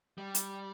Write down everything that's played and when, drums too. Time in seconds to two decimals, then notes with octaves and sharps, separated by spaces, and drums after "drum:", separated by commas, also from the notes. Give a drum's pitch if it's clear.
0.18 G3
0.35 drum: hi-hat